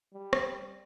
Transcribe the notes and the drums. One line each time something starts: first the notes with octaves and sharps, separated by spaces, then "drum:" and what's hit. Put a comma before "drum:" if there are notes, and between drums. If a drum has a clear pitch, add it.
G3
drum: rim click